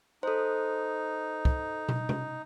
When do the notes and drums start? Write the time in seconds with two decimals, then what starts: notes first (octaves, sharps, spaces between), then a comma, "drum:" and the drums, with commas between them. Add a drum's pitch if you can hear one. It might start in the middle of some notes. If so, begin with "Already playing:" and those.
0.23 D#4 A4 C5
1.45 drum: kick
1.89 drum: tom
2.09 drum: tom C3